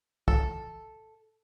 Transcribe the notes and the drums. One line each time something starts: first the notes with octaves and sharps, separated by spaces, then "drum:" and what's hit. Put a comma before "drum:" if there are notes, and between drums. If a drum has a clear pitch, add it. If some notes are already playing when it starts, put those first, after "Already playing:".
A4, drum: kick